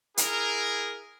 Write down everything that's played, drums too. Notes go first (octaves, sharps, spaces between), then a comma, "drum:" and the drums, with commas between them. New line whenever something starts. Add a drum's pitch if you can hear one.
E4 G#4 A#4, drum: hi-hat